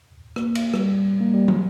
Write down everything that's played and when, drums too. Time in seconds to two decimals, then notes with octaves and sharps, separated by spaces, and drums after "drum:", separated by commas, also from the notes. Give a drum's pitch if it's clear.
0.36 A#3, drum: rim click
0.55 drum: cymbal
0.74 G3, drum: rim click
1.20 A#3
1.34 G3
1.48 F#3, drum: tom